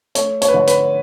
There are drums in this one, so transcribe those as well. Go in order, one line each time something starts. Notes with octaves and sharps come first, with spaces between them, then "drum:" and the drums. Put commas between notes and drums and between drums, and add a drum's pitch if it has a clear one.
A3 C#5, drum: hi-hat
C#5, drum: hi-hat
B4
D3 C#5
B4, drum: hi-hat